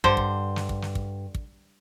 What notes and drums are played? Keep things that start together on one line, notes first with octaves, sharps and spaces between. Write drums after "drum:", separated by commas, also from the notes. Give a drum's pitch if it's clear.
G2 D3 C5, drum: kick
drum: kick
drum: snare
drum: kick
drum: snare
drum: kick
drum: kick